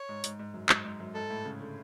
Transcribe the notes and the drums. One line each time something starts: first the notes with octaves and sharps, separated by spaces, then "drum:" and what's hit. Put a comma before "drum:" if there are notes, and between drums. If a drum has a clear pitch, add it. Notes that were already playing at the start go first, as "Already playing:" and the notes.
Already playing: C#5
G#2
G#2, drum: hi-hat
G#2
F#2
G#2, drum: clap
G#2
F#2
G#2 A4
A2
C#3
D3